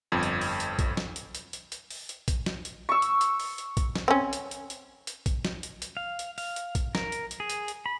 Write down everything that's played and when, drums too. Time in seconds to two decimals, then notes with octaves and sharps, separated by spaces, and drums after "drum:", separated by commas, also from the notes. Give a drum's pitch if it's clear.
0.12 G1 F2
0.23 drum: hi-hat
0.41 drum: open hi-hat
0.60 drum: hi-hat
0.79 drum: kick, hi-hat
0.97 drum: snare
1.16 drum: hi-hat
1.35 drum: hi-hat
1.53 drum: hi-hat
1.72 drum: hi-hat
1.91 drum: open hi-hat
2.09 drum: hi-hat
2.28 drum: kick, hi-hat
2.46 drum: snare
2.65 drum: hi-hat
2.89 C#6 E6
3.02 drum: hi-hat
3.21 drum: hi-hat
3.40 drum: open hi-hat
3.58 drum: hi-hat
3.77 drum: kick, hi-hat
3.95 drum: snare
4.08 C4 C#4
4.33 drum: hi-hat
4.51 drum: hi-hat
4.70 drum: hi-hat
5.07 drum: hi-hat
5.26 drum: kick, hi-hat
5.45 drum: snare
5.63 drum: hi-hat
5.82 drum: hi-hat
5.97 F5
6.19 drum: hi-hat
6.38 F5, drum: open hi-hat
6.56 drum: hi-hat
6.75 drum: kick, hi-hat
6.95 A#4, drum: snare
7.12 drum: hi-hat
7.31 drum: hi-hat
7.40 G#4
7.50 drum: hi-hat
7.68 drum: hi-hat
7.86 B5